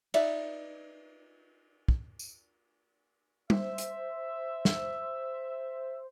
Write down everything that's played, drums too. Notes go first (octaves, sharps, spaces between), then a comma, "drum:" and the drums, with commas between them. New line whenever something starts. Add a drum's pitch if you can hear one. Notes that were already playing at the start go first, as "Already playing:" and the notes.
D#4 B4 D5 E5, drum: cymbal
drum: kick
drum: tambourine
C5 E5, drum: tom
drum: hi-hat
drum: snare